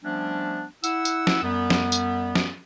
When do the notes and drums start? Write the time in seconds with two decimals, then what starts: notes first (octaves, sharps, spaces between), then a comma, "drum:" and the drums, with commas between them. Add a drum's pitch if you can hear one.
0.03 F3 G3 A3 B3 C#4 D4
0.84 E4 F#5 E6, drum: tambourine
1.05 drum: tambourine
1.27 drum: snare
1.42 F#2 G3 B3
1.70 drum: snare
1.92 drum: tambourine
2.35 drum: snare